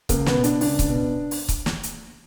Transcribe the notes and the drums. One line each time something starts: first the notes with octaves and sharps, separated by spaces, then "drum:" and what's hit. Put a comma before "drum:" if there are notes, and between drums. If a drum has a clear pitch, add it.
C#2 A#3, drum: kick C#1, hi-hat
B3, drum: snare
B2
D4, drum: hi-hat
C#2 D4, drum: open hi-hat
drum: kick C#1, hi-hat
B2
drum: open hi-hat
drum: kick C#1, hi-hat
drum: snare
drum: hi-hat